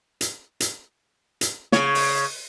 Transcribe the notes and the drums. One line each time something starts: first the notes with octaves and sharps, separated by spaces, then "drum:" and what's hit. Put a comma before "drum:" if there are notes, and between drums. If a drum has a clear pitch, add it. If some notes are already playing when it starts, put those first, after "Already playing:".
drum: hi-hat
drum: hi-hat
drum: hi-hat
C#3 C#5, drum: snare
drum: open hi-hat